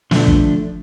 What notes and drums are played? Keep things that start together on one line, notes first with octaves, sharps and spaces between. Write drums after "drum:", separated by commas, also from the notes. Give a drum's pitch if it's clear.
D3 F3 A3 D4, drum: snare
drum: kick